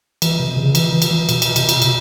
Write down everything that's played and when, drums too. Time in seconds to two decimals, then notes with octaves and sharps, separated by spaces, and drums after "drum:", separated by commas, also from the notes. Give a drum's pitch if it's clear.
0.22 E3, drum: cymbal
0.40 C3
0.57 C#3
0.75 E3, drum: cymbal
0.92 E3
1.02 drum: cymbal
1.11 E3
1.29 B2, drum: cymbal
1.42 drum: cymbal
1.56 C3, drum: cymbal
1.69 drum: cymbal
1.82 B2, drum: cymbal